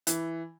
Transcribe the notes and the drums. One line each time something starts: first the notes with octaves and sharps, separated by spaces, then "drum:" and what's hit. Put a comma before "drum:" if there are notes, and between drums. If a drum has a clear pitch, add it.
E3, drum: hi-hat